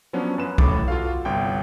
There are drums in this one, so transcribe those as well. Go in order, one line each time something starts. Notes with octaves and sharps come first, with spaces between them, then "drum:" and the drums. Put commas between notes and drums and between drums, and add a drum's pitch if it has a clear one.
F3 F#3 B3 C#4 D4
F#2 B4 E7
A1 A2 B5 D6 A6, drum: kick B1
F4 F#4 A4 F5
G1 C2 G5